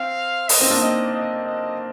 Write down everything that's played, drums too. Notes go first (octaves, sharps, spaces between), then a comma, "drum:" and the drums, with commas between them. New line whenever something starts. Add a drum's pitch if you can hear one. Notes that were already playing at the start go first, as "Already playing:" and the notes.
Already playing: C4 F5
D#5, drum: open hi-hat
C4 D#4
A#3 D4
C4 D#4 D#5
D#5
D#5